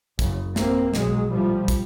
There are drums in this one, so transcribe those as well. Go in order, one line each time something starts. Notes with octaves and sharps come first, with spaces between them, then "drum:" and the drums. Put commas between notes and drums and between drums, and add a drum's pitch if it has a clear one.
F#1 F#2 C#3, drum: kick, hi-hat
A1 A2 A#3 C4, drum: snare
B1 B2 F#3 G#3, drum: snare
A#1 A2 F3 G3
drum: kick, hi-hat